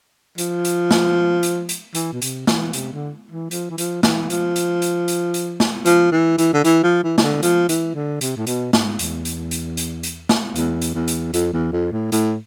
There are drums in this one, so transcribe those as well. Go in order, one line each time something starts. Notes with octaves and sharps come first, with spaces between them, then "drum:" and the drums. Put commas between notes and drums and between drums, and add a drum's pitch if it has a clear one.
F3, drum: hi-hat
drum: hi-hat
drum: snare
drum: hi-hat
drum: hi-hat
E3, drum: hi-hat
B2
C3, drum: hi-hat
E3, drum: snare
C3, drum: hi-hat
D3
E3
F3, drum: hi-hat
E3
F3, drum: hi-hat
E3, drum: snare
F3, drum: hi-hat
drum: hi-hat
drum: hi-hat
drum: hi-hat
drum: hi-hat
drum: snare
F3, drum: hi-hat
E3
E3, drum: hi-hat
D3
E3, drum: hi-hat
F3
E3
E3, drum: snare
D3
F3, drum: hi-hat
E3, drum: hi-hat
D3
C3, drum: hi-hat
A2
B2, drum: hi-hat
G#2, drum: snare
E2, drum: hi-hat
drum: hi-hat
drum: hi-hat
drum: hi-hat
drum: hi-hat
drum: snare
E2, drum: hi-hat
drum: hi-hat
E2
drum: hi-hat
F2, drum: hi-hat
E2
F2
A2
A2, drum: hi-hat